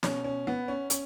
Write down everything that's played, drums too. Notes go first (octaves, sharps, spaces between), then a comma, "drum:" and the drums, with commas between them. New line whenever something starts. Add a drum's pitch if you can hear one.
B2 C#4, drum: snare
C#4
B3
C#4
C#4, drum: hi-hat